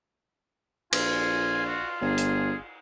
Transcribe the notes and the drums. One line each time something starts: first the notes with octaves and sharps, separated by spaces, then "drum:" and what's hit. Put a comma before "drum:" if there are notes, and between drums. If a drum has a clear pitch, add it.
A#1 F4 G#5, drum: cymbal
F#4
G1 G#4
drum: hi-hat